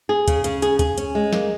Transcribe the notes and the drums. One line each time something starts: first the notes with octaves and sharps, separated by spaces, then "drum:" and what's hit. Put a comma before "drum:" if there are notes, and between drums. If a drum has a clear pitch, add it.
G#4
C#3, drum: kick, hi-hat
C#3, drum: hi-hat
G#4, drum: hi-hat
G#4, drum: kick, hi-hat
C#4, drum: hi-hat
G#3
A#3, drum: snare